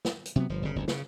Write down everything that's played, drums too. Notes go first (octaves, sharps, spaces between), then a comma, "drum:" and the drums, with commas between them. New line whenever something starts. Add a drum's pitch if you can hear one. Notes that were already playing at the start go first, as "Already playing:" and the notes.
drum: snare
drum: hi-hat
C3 F#3 B3
G1 F3
G1 C#3
F#1 D2
C#3, drum: snare